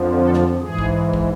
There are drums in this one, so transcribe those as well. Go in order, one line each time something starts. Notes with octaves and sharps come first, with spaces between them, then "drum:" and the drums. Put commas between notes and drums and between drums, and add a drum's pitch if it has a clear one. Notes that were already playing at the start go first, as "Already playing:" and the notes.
Already playing: F2 D3 F3
A4
drum: snare
G#2 E3 G#4
drum: kick
drum: kick